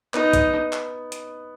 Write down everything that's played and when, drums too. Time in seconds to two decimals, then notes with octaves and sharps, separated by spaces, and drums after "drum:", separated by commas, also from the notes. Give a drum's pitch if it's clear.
0.14 B3 D#4, drum: clap
0.33 drum: kick, hi-hat
0.73 drum: clap
1.12 drum: hi-hat